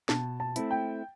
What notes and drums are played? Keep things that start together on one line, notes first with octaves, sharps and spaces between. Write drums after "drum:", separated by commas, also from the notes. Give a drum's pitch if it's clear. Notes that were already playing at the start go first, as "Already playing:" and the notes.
B2 A5, drum: snare
A5
A3 C4 E4, drum: hi-hat
G5